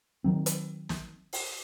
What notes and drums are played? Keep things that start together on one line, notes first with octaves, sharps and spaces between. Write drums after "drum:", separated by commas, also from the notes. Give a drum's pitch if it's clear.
D#3 F#3 C4
drum: hi-hat
drum: snare
drum: open hi-hat